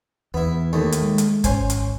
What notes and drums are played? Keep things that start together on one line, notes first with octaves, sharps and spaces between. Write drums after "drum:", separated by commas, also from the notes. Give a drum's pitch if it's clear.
E2 B3 E4
D#2 A3 D#4
drum: hi-hat
G#3
drum: hi-hat
G#1 C#4 C5 G#5, drum: kick, hi-hat
drum: hi-hat